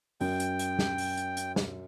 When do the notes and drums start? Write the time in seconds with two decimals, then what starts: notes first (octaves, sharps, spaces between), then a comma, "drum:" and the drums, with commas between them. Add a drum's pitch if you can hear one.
0.21 F#2 G5, drum: open hi-hat
0.40 drum: hi-hat
0.59 drum: hi-hat
0.79 drum: snare
0.98 drum: open hi-hat
1.17 drum: hi-hat
1.37 drum: hi-hat
1.56 drum: snare